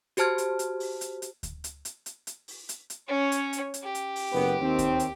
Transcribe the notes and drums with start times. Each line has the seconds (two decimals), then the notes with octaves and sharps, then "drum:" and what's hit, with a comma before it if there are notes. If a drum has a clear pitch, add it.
0.17 F#4 G4 C5 A5 F6 G#6, drum: hi-hat
0.38 drum: hi-hat
0.59 drum: hi-hat
0.80 drum: open hi-hat
1.01 drum: hi-hat
1.22 drum: hi-hat
1.43 drum: kick D2, hi-hat
1.64 drum: hi-hat
1.85 drum: hi-hat
2.06 drum: hi-hat
2.27 drum: hi-hat
2.48 drum: open hi-hat
2.69 drum: hi-hat
2.90 drum: hi-hat
3.08 C#4 C#5
3.32 drum: hi-hat
3.53 drum: hi-hat
3.74 drum: hi-hat
3.83 G4
3.95 drum: hi-hat
4.16 drum: open hi-hat
4.32 F#1 B3
4.61 D#2 D#3 C4
4.79 drum: kick D2, hi-hat
5.00 drum: hi-hat